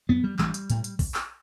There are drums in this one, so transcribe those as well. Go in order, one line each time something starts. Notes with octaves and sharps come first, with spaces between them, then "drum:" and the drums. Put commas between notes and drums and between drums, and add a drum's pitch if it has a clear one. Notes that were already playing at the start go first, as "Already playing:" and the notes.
F#2 B3
G3
A1 G3, drum: clap
drum: hi-hat
A2, drum: hi-hat
drum: hi-hat
drum: kick A#1, open hi-hat
drum: clap